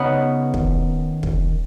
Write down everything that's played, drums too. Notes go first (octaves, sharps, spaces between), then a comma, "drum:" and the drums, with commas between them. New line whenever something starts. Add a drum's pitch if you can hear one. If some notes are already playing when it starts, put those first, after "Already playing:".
Already playing: C#3 B3 C#4 D#4
D#3, drum: kick
drum: kick